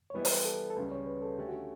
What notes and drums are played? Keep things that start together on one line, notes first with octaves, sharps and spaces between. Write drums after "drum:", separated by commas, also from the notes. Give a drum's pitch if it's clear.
C#5
E3 G3 B3 E4 G4 B4
drum: open hi-hat
A4
A4
C#2 C#3 G3 B4
C#5
B4
A4
D3 A3 C#4 G4
F#4